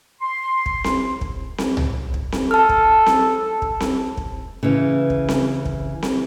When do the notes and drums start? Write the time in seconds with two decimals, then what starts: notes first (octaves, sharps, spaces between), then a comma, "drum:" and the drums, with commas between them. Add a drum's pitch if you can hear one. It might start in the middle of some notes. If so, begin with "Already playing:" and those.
0.22 C6
0.66 drum: kick
0.84 drum: snare C4
1.21 drum: kick
1.58 drum: snare C4
1.77 drum: tom C2
2.14 drum: kick
2.32 drum: snare C4
2.51 A4 A5 F6
2.69 drum: kick
3.06 drum: snare C4
3.62 drum: kick
3.80 drum: snare C4
4.17 drum: kick
4.63 C#3 E3
5.10 drum: kick
5.29 drum: snare C4
5.66 drum: kick
6.03 drum: snare C4